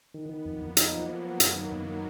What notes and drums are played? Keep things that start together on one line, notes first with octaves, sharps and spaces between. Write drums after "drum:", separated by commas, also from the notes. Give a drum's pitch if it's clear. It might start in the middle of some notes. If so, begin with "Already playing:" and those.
D#3 B3
D#3
F2 A#3
F2
F#3 D#4, drum: hi-hat
F3
F3
B3
F#2, drum: hi-hat
D#3
F#2
D#3